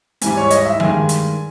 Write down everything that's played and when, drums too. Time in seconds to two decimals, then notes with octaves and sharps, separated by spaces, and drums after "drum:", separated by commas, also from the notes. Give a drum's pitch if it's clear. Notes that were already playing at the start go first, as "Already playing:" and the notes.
0.21 G#2 E3 G3 G#5, drum: hi-hat
0.37 C#5
0.50 D#5, drum: hi-hat
0.65 E5
0.80 G2 D#3 G#3 G#5, drum: tom F3
1.09 drum: hi-hat